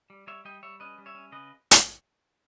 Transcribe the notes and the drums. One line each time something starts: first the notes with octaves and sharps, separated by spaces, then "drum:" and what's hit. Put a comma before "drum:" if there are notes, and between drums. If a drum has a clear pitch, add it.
G3
G3 C#5 E5
G3 D#5 G5
G3 C#5 E5
C#4 B4 D#5
G3
C#5 E5
C#4
C#3 B4 D#5
drum: hi-hat